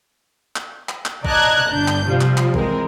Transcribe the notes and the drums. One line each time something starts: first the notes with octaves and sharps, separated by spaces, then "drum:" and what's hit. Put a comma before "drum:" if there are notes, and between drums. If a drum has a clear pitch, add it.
drum: clap
drum: clap
drum: clap
D5 D#5 A5 A#5 F#6 G#6, drum: kick
G1 D4 G6
drum: clap
C3 F3 G3
drum: clap
drum: clap
E3 G#3 C4 A#4, drum: kick